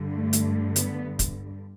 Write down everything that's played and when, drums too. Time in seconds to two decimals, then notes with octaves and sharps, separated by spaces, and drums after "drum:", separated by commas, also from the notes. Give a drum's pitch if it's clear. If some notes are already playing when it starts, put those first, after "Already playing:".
Already playing: G2 D3 G3
0.12 A3
0.33 drum: hi-hat
0.76 B3, drum: hi-hat
1.19 drum: kick, hi-hat